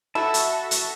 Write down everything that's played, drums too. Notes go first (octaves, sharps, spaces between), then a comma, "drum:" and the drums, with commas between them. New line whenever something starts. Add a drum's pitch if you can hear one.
E4 F#4 A4 E5 A5
drum: hi-hat
drum: hi-hat